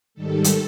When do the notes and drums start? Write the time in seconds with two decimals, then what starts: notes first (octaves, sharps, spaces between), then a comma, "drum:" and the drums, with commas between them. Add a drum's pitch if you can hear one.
0.14 G#2 D#3 G3 A4
0.44 drum: hi-hat